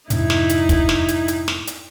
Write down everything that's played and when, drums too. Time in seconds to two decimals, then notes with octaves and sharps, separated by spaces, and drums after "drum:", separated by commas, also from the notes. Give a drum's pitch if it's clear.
0.10 F2 G#2 C3 D#4 E4, drum: hi-hat
0.30 drum: snare
0.49 drum: hi-hat
0.69 drum: kick, hi-hat
0.89 drum: snare
1.08 drum: hi-hat
1.28 drum: hi-hat
1.48 drum: snare
1.67 drum: hi-hat